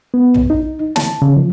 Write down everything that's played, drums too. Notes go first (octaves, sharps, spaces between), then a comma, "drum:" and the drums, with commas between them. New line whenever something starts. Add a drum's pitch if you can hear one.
B3
drum: tom
D#4
A5, drum: snare
C#3
F3